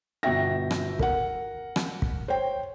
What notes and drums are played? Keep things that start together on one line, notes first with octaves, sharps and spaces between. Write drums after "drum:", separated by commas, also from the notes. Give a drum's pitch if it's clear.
G1 B2 F#4 E5 G5 A#6
drum: rim click
A#4 F#5, drum: kick
drum: rim click
drum: kick
C5 C#5 G5